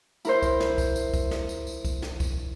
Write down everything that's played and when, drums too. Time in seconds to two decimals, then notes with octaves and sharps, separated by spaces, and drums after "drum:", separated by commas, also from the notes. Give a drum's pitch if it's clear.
0.25 E4 A#4 C5, drum: tambourine
0.42 drum: kick C2, tambourine
0.60 drum: snare
0.78 drum: kick C2, tambourine
0.96 drum: tambourine
1.14 drum: kick C2, tambourine
1.31 drum: snare
1.49 drum: tambourine
1.67 drum: tambourine
1.85 drum: kick C2, tambourine
2.02 drum: snare
2.20 drum: kick C2, tambourine